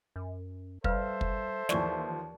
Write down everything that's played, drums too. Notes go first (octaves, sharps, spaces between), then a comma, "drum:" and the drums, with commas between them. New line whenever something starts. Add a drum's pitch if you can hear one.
F#2
G3 A4 B4 C5 E5 F5, drum: kick
drum: kick
D#2 E3 F3 E4 D5 C#6, drum: snare